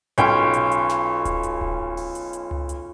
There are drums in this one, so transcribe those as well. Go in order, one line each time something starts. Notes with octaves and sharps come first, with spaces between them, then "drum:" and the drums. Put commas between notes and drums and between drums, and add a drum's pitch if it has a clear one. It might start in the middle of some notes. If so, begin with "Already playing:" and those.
B1 C#4 F4 G5, drum: hi-hat
drum: hi-hat
drum: hi-hat
drum: snare
drum: kick D1, hi-hat
drum: hi-hat
drum: kick D1
drum: open hi-hat
drum: hi-hat
drum: hi-hat
drum: tom C#2
drum: hi-hat